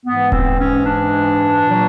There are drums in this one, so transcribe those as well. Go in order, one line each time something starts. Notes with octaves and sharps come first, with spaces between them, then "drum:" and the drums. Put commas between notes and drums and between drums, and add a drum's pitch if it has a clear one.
G#2 E3 G#3 B3
C4, drum: kick D#1
C#4
D4
A#2 F#3 A#3